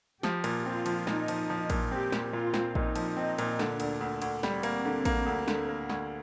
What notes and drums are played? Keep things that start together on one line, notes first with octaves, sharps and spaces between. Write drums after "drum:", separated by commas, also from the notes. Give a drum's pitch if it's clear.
F3 G4, drum: snare
A#2, drum: cymbal
C4 F4
F3, drum: cymbal
A#2 D#4, drum: snare
F3, drum: cymbal
F3
A#2, drum: kick A1, cymbal
C4 G4
A#2, drum: snare
A#2 F4
C4, drum: snare
A#2 D#4, drum: kick A1
F3, drum: cymbal
C4 D#4
A#2, drum: cymbal
D3 D4, drum: snare
D2, drum: cymbal
D2
D2, drum: cymbal
G3 C4, drum: snare
A#3, drum: cymbal
D3
A#3, drum: kick A1, cymbal
D2
D3, drum: snare
A#3
D2, drum: snare